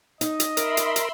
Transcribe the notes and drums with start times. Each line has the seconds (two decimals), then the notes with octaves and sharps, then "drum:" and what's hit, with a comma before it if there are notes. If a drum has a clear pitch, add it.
0.21 D#4 D#5, drum: hi-hat
0.40 drum: hi-hat
0.57 A#4 E5 B5 C6, drum: hi-hat
0.77 drum: hi-hat
0.96 drum: hi-hat